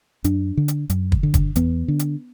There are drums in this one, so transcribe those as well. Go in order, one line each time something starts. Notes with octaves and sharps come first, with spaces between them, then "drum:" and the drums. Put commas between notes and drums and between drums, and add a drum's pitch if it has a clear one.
F#2 D4, drum: hi-hat
D3
drum: hi-hat
F#2, drum: hi-hat
drum: kick
D3
drum: kick, hi-hat
E2 B3, drum: hi-hat
D3
drum: hi-hat